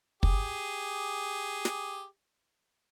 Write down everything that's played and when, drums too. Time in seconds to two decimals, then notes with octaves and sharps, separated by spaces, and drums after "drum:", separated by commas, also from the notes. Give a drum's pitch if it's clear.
0.23 G4 G#4, drum: kick
1.65 drum: snare